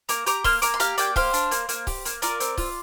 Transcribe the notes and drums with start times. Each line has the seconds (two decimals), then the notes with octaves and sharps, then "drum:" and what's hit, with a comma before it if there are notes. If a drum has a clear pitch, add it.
0.09 A#3 A#5 D6, drum: hi-hat
0.26 G4 A#5 D6, drum: hi-hat
0.44 A#3 C6 F6, drum: kick C#1, open hi-hat
0.62 A#3 A#5 D6, drum: hi-hat
0.74 C6
0.80 G4 F5 A#5, drum: hi-hat
0.98 A#3 D5 G5, drum: hi-hat
1.16 G4 C5 F5, drum: kick C#1, open hi-hat
1.33 D4, drum: hi-hat
1.51 A#3, drum: hi-hat
1.69 A#3, drum: hi-hat
1.87 G4, drum: kick C#1, open hi-hat
2.05 A#3, drum: hi-hat
2.22 F4 A#4 D5, drum: hi-hat
2.40 C4, drum: hi-hat
2.58 F4, drum: kick C#1, open hi-hat